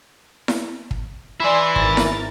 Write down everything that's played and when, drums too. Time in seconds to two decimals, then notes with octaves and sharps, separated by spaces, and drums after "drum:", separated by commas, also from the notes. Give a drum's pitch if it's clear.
0.48 drum: snare E4
0.91 drum: kick
1.40 E3 E4 D5 G#5 C6
1.76 G#1 A#4 A6, drum: kick
1.97 drum: snare E4